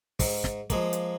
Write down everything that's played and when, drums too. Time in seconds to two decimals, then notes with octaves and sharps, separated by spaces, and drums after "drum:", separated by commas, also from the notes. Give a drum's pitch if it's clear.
0.19 G#2, drum: kick, open hi-hat
0.44 drum: snare
0.70 F3 G#3 A#3, drum: kick, hi-hat
0.93 drum: hi-hat